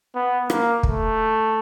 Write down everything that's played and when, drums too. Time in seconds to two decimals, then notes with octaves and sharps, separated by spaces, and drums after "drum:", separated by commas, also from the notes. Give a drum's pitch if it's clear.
0.15 B3
0.50 A#3, drum: rim click
0.83 A3, drum: kick